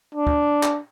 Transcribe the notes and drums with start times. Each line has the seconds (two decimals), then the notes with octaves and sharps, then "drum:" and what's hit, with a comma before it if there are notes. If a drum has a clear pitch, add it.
0.15 D4
0.27 drum: kick
0.63 drum: clap